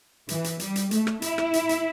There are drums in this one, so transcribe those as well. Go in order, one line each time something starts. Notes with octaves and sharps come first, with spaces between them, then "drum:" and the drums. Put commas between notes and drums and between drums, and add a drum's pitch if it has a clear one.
E3, drum: hi-hat
drum: hi-hat
G3, drum: hi-hat
drum: hi-hat
A3, drum: hi-hat
drum: rim click
E4, drum: hi-hat
drum: rim click
drum: hi-hat
drum: hi-hat